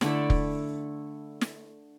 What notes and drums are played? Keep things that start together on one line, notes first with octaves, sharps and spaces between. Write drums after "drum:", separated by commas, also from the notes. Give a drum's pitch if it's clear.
D3 A3 E4 D5, drum: snare
drum: kick
drum: snare